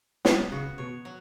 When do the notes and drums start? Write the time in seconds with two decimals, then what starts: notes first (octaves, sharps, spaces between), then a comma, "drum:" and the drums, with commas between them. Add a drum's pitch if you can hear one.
0.25 F#3 B3, drum: snare
0.52 C#3 F#4
0.78 B2 C#5
1.05 F#3